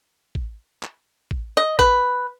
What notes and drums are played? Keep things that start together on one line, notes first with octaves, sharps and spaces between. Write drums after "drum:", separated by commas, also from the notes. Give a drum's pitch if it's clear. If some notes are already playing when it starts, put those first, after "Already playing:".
drum: kick A1
drum: clap
drum: kick A1
D#5
B4, drum: kick A1